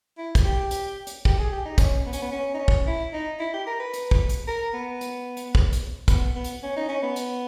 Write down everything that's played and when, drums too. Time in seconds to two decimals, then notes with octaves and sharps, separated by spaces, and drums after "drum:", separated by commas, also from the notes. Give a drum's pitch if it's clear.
0.18 E4
0.35 drum: kick, hi-hat
0.45 G4
0.71 drum: hi-hat
1.07 drum: hi-hat
1.25 G4, drum: kick
1.39 G#4
1.52 G4
1.65 D#4
1.78 C#4, drum: kick, hi-hat
2.06 B3
2.13 C#4, drum: hi-hat
2.22 B3
2.32 C#4
2.54 D#4
2.59 C#4
2.68 drum: kick
2.87 E4
3.13 D#4
3.40 E4
3.54 G4
3.67 A#4
3.79 B4
3.93 drum: hi-hat
4.11 drum: kick
4.29 drum: hi-hat
4.48 A#4
4.74 B3
5.01 drum: hi-hat
5.37 drum: hi-hat
5.55 drum: kick
5.73 drum: hi-hat
6.08 B3, drum: kick, hi-hat
6.35 B3
6.44 drum: hi-hat
6.63 C#4
6.76 D#4
6.89 C#4
7.02 B3
7.16 drum: hi-hat